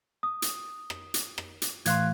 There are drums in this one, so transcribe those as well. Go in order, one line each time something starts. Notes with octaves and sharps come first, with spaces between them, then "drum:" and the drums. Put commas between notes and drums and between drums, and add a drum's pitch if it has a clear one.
D#6
drum: hi-hat
drum: rim click
drum: hi-hat
drum: rim click
drum: hi-hat
A2 E3 F5 C6 F#6 G#6, drum: hi-hat